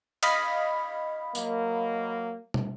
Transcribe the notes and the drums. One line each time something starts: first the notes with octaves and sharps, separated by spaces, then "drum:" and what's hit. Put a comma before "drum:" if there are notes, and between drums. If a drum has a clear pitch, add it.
D#5 F5 B5, drum: cymbal
F#3 A#3, drum: tambourine
drum: tom